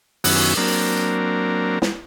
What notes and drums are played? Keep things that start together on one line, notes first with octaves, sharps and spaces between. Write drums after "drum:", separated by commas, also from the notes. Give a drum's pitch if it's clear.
F#2 D#3 B3 C#4 E4 F#4, drum: open hi-hat
F#3 A#3 C4 D4 A#4
drum: snare